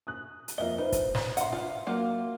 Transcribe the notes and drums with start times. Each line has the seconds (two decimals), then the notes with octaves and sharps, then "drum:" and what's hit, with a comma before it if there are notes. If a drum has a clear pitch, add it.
0.07 D#6 F#6
0.48 drum: hi-hat
0.58 F2 A#3 D#5 E5 G7
0.78 D#4 B4 C5
0.92 drum: kick, hi-hat
1.15 drum: snare
1.37 E5 F#5 C6, drum: hi-hat
1.52 F4
1.87 F#3 A#3 F4